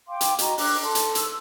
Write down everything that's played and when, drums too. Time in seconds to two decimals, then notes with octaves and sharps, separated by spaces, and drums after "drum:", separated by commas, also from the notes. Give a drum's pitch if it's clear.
0.08 F5 G5 C6 D6
0.21 drum: hi-hat
0.39 F#4 D#5 A#5, drum: hi-hat
0.58 D4 D6 F#6, drum: open hi-hat
0.83 A4 A5 C6
0.95 drum: hi-hat
1.15 E6, drum: hi-hat